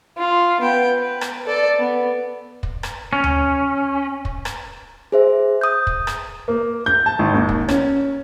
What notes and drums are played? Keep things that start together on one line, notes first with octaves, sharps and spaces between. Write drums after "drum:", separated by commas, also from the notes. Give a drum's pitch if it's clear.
F4
B3 G5
B4
drum: rim click
A4 D5
B3
drum: kick
drum: rim click
C#4
drum: tom D2
drum: kick
drum: rim click
G#4 C5 E5
D#6 G6
drum: kick
drum: rim click
A#3
G6
A5
G#1
D#2
drum: kick
C#4, drum: rim click